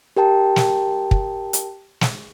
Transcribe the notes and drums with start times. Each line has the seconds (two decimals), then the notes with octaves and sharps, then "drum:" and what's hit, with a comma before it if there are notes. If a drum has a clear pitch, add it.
0.17 G4 A#4 G5 A5
0.56 drum: snare
1.11 drum: kick
1.53 drum: hi-hat
2.01 drum: snare